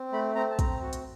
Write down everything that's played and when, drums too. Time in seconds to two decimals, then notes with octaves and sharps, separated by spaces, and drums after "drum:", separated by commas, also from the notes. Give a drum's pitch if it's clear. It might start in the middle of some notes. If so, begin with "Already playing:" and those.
Already playing: C4
0.13 A3 B5
0.35 C4 A#5
0.51 A5
0.59 C4 A#5, drum: kick, hi-hat
0.82 F#4
0.93 drum: hi-hat